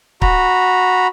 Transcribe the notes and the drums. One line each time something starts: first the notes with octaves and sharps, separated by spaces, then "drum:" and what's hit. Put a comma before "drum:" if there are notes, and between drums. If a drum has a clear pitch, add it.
F#4 A#5 B5, drum: kick C#1